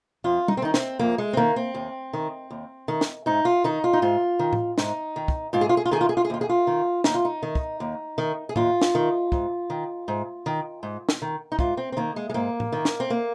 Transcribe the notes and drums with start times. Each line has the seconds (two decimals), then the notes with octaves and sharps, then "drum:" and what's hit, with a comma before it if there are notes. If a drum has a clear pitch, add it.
0.24 F2 F4
0.48 D#4, drum: tom
0.57 C4
0.62 D#3 D#4
0.74 C4, drum: snare
0.99 F2 A#3
1.18 G#3
1.33 C4
1.37 D#3 A#3
1.56 C4
1.74 D#2
2.13 D#3
2.50 D#2
2.88 D#3
3.01 drum: snare
3.26 G#2 D#4
3.45 F4
3.64 D#3 D#4
3.84 F4
3.93 D#4
4.02 G#2 F4
4.39 D#3
4.53 drum: tom A2
4.78 G#2 D#4, drum: snare
5.16 D#3
5.28 drum: kick
5.53 G#2 F4
5.61 G#4
5.69 F4
5.77 G#4
5.85 F4
5.91 D#3 G#4
6.01 F4
6.09 G#4
6.17 F4
6.25 G#4
6.30 D#2 F4
6.41 G#4
6.49 F4
6.67 D#3
7.04 D#2 D#4, drum: snare
7.15 F4
7.25 D#4
7.43 D#3
7.55 drum: kick
7.80 D#2
8.18 D#3
8.49 G#4
8.56 D#2 F4, drum: tom A2
8.82 drum: snare
8.95 D#3
9.32 G#2, drum: kick
9.70 D#3
10.08 G#2
10.46 D#3
10.83 G#2
11.09 drum: snare
11.22 D#3
11.52 D#4
11.59 G#2 F4, drum: kick
11.77 C4
11.92 C4
11.97 D#3 A#3
12.16 G#3
12.30 G#3
12.34 G#2 A#3
12.60 drum: tom A2
12.72 D#3
12.85 drum: snare
13.00 C4
13.10 A#3